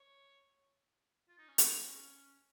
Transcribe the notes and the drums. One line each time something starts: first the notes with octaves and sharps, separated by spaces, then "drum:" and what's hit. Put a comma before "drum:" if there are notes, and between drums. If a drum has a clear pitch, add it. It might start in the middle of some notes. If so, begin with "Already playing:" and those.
Already playing: C#5
F4
D#4
C#4
D#4, drum: hi-hat
C#4